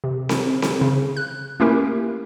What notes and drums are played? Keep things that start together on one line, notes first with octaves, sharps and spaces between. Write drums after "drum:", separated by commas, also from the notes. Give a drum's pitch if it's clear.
C3
drum: snare C4
drum: snare C4
C#3
F#6
A3 A#3 C#4 E4 G4 A#4